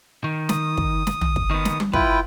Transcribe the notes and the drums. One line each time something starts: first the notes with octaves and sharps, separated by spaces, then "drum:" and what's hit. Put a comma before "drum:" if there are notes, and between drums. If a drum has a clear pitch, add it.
D#3
D#6, drum: snare
drum: kick
drum: snare
drum: tom
drum: kick
D#3 B3
drum: snare
drum: tom G3
E4 F4 B4 G5, drum: kick